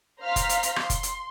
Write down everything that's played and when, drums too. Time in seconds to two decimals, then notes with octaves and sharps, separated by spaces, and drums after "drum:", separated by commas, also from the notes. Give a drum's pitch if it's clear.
0.23 C5 F5 A#5 C6 F6 B6
0.36 drum: kick F1, hi-hat
0.49 drum: hi-hat
0.63 drum: hi-hat
0.76 C6, drum: rim click
0.90 drum: kick F1, hi-hat
1.03 drum: hi-hat